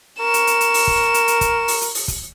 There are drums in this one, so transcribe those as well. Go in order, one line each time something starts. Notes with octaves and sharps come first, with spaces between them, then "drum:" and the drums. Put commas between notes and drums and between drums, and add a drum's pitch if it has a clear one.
A#4 C#6 E7
drum: hi-hat
drum: hi-hat
drum: hi-hat
drum: open hi-hat
drum: kick
drum: hi-hat
drum: hi-hat
drum: kick, hi-hat
drum: open hi-hat
drum: hi-hat
drum: open hi-hat
drum: kick, hi-hat